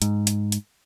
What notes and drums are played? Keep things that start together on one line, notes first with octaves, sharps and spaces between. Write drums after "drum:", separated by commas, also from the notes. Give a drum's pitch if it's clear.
G#2, drum: hi-hat
drum: hi-hat
drum: hi-hat